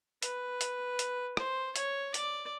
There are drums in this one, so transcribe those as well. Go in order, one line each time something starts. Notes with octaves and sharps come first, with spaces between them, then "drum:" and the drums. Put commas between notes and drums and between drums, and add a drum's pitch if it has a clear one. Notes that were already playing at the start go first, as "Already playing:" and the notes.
B4, drum: hi-hat
drum: hi-hat
drum: hi-hat
C5, drum: rim click
C#5, drum: hi-hat
D5, drum: hi-hat